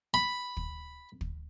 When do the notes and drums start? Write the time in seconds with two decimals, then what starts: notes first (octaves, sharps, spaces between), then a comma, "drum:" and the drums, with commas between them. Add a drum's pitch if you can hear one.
0.14 B5
0.57 drum: kick
1.21 drum: kick